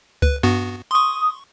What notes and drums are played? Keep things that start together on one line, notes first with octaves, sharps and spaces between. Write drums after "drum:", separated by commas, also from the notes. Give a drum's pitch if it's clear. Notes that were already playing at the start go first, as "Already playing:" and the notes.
B4, drum: kick C#2
G2 B3 F#4
C6 C#6 D#6